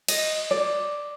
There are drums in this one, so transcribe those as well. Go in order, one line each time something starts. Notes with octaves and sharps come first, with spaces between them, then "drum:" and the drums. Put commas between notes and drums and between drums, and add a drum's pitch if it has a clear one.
D#5, drum: cymbal
D5